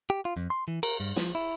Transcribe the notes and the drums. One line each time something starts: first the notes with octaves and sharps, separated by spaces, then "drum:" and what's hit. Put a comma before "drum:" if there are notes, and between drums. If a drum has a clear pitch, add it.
G4
F4
F2
C6
E3
A#4, drum: cymbal
G2
F3, drum: snare
E4